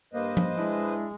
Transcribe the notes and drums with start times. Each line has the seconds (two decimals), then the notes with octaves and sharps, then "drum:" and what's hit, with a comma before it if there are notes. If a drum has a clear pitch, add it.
0.13 G2 A#3 B4 C5 D#5
0.37 drum: tom F3
0.57 G#3 D4 E4